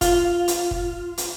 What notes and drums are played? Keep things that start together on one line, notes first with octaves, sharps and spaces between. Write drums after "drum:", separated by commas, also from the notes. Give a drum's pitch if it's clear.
F4, drum: kick, hi-hat
drum: hi-hat
drum: kick
drum: hi-hat